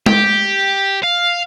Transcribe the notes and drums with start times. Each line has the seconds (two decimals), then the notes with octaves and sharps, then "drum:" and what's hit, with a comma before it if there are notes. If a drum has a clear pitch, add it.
0.06 G4, drum: tom G#3
1.03 F5